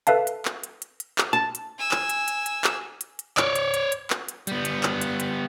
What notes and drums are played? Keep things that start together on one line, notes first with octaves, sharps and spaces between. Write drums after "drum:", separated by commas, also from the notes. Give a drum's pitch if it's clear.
A4 B4 E5 F5 A5, drum: hi-hat
drum: hi-hat
drum: clap
drum: hi-hat
drum: hi-hat
drum: hi-hat
drum: clap
A5
drum: hi-hat
G#5 E6
drum: clap
drum: hi-hat
drum: hi-hat
drum: hi-hat
drum: clap
drum: hi-hat
drum: hi-hat
C#5 D5, drum: clap
drum: hi-hat
drum: hi-hat
drum: hi-hat
drum: clap
drum: hi-hat
G3 B3, drum: hi-hat
drum: hi-hat
drum: clap
drum: hi-hat
drum: hi-hat